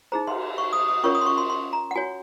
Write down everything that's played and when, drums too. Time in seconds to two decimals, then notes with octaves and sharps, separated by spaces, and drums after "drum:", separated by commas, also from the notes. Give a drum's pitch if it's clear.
0.12 D#4 G#4 C5 A#5
0.27 C6, drum: cymbal
0.58 C#6
0.73 D#6
0.88 D#6
1.03 C#4 F4 A#4 C#5 C#6
1.15 D#6
1.21 C6
1.27 C#6
1.38 C6
1.50 C6
1.73 A#5
1.91 F#5
1.95 F#4 C#5 G#5